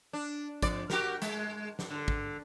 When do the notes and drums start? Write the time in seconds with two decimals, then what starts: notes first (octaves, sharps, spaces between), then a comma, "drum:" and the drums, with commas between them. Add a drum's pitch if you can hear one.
0.13 D4
0.62 F2 D5, drum: kick, hi-hat
0.90 F#4 G4 A#4, drum: snare
1.22 G#3, drum: hi-hat
1.79 drum: snare
1.90 D3
2.08 drum: kick